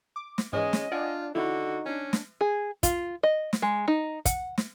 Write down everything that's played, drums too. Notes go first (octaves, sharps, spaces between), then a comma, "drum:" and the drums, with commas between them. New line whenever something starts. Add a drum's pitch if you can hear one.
D6
drum: snare
G#2 E3 G#3 C#4 D#5
drum: snare
D4 F4 D5 F#5 G#5
D3 D#4 E4 F#4
C#4 D4
drum: snare
G#4
F4, drum: kick, hi-hat
D#5
drum: snare
G#3
D#4
F#5, drum: kick, hi-hat
drum: snare